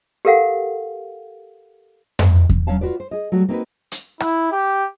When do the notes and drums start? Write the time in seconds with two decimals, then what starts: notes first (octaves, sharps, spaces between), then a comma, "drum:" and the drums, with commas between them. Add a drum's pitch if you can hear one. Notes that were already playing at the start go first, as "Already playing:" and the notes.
0.25 G4 A4 A#4 F5 F#5
2.19 drum: tom F2
2.49 drum: kick E2
2.67 F#3 C#4 C#5 F5 A5
2.81 F4 F#4 B4 D5
3.00 C5
3.11 G#4 D#5
3.32 F#3 G3 A3 F#4
3.49 A#3 C4 D#4 F4 F#4 B4
3.92 drum: hi-hat
4.20 E4, drum: rim click
4.52 G4